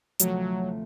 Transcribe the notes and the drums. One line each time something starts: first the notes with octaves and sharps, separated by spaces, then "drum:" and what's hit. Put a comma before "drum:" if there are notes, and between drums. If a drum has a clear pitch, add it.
D2 C3 F3 F#3 A3, drum: hi-hat